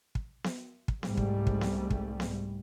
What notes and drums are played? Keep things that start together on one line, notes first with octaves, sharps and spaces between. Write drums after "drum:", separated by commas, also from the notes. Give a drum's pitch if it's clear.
drum: kick
drum: snare B3
drum: kick
C2 G#2 G3 A3, drum: snare B3
drum: kick
drum: kick
drum: snare B3
drum: kick
drum: snare B3